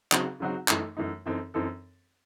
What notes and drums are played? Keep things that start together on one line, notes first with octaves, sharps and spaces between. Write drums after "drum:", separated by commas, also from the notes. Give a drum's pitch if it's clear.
C#3 F#3 C4 D#4 F#4, drum: clap
C#3 F#3 C4 D#4 F#4
F#2 E3 A3 D#4, drum: clap
F#2 E3 A3 D#4
F#2 E3 C4 D#4 A4
F#2 E3 C4 D#4 A4